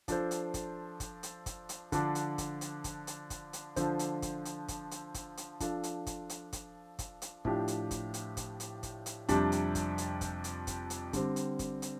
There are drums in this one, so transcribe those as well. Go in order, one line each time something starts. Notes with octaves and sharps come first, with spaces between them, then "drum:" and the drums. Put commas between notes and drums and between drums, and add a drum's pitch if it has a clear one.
F3 D4 F4 A4 C5, drum: kick, hi-hat
drum: hi-hat
drum: kick, hi-hat
drum: kick, hi-hat
drum: hi-hat
drum: kick, hi-hat
drum: hi-hat
D3 F3 D4, drum: kick, hi-hat
drum: hi-hat
drum: kick, hi-hat
drum: hi-hat
drum: kick, hi-hat
drum: hi-hat
drum: kick, hi-hat
drum: hi-hat
D3 F3 D4 A4 C5, drum: kick, hi-hat
drum: hi-hat
drum: kick, hi-hat
drum: hi-hat
drum: kick, hi-hat
drum: hi-hat
drum: kick, hi-hat
drum: hi-hat
F3 D4 F4 A4, drum: kick, hi-hat
drum: hi-hat
drum: kick, hi-hat
drum: hi-hat
drum: kick, hi-hat
drum: kick, hi-hat
drum: hi-hat
A2 F3 D4 G4, drum: kick
drum: hi-hat
drum: kick, hi-hat
drum: hi-hat
drum: kick, hi-hat
drum: hi-hat
drum: kick, hi-hat
drum: hi-hat
F2 C3 G3 D4, drum: kick, hi-hat
drum: hi-hat
drum: kick, hi-hat
drum: hi-hat
drum: kick, hi-hat
drum: hi-hat
drum: kick, hi-hat
drum: hi-hat
D3 G3 C4, drum: kick, hi-hat
drum: hi-hat
drum: kick, hi-hat
drum: hi-hat